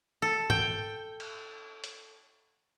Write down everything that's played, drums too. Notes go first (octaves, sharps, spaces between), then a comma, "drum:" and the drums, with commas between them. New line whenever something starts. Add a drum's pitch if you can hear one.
A4
G5, drum: tom G#2
drum: cymbal
drum: hi-hat